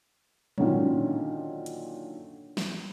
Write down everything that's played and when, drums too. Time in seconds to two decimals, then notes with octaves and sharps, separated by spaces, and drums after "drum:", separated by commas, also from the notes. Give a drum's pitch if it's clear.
0.58 A#2 D3 D#3 F#3 C#4, drum: tom
1.66 drum: hi-hat
2.57 drum: snare